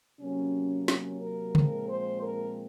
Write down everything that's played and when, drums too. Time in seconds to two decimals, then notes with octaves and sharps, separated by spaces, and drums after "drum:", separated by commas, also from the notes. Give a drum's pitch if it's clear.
0.20 C3 F#3 A#3 C#4
0.88 C#4, drum: snare
1.21 A#4
1.55 A#2 F3 G#3 C4, drum: tom C#3
1.89 C5
2.23 A#4